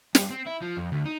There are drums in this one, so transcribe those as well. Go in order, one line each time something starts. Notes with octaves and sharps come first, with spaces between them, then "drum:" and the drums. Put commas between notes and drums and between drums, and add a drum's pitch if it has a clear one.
G2, drum: snare
C4
E4
F3
F2
D2
D#4